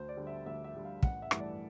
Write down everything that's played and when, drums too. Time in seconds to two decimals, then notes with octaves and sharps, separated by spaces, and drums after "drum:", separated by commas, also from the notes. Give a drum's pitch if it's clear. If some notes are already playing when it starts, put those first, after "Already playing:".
Already playing: D2 C5
0.09 D5
0.17 D3 G3
0.27 E5
0.46 D2 E5
0.64 E5
0.75 D3 G3
0.84 F5
1.03 A1 F#5, drum: kick
1.22 E5
1.31 G2 E3 A3, drum: rim click
1.40 D5